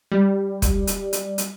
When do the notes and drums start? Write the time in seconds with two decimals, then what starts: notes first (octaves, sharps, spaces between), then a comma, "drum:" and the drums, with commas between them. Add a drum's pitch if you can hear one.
0.12 G3
0.62 drum: kick, hi-hat
0.87 drum: hi-hat
1.13 drum: hi-hat
1.38 drum: hi-hat